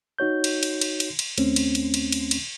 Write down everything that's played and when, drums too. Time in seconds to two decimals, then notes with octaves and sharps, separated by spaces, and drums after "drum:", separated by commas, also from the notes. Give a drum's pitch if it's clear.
0.19 D#4 F#4 C#5 G6
0.44 drum: cymbal
0.63 drum: cymbal
0.81 drum: cymbal
1.00 drum: cymbal
1.19 drum: cymbal
1.38 D#2 A3 C4 C#4, drum: cymbal
1.56 drum: cymbal
1.75 drum: cymbal
1.94 drum: cymbal
2.12 drum: cymbal
2.31 drum: cymbal